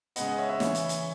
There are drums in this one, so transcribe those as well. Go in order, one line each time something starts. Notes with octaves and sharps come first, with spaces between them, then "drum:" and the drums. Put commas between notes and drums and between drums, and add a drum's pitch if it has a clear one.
C#3 G#3 B3 D#5 F#5, drum: hi-hat
D#5 F#5
C#5 E5
C#5 E5
C#3 E3 B3, drum: snare
drum: hi-hat
drum: hi-hat